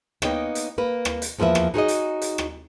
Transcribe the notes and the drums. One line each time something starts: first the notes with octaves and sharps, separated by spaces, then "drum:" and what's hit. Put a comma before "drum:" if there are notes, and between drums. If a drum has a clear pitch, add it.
A#3 B3 D#4 C#5 D#5 G5, drum: rim click
drum: hi-hat
A#3 B4
drum: rim click
drum: hi-hat
E2 F3 A#3 B4 E5
drum: rim click
D#4 F#4 G#4 C5 C#5 D#5
drum: hi-hat
drum: hi-hat
drum: rim click